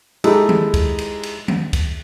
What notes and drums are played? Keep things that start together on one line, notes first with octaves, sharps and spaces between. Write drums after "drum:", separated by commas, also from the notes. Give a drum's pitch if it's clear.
G#3 D#4 E4 G4 A4, drum: cymbal
drum: tom D#3
drum: kick, cymbal
drum: cymbal
drum: cymbal
drum: tom D#3
drum: kick, cymbal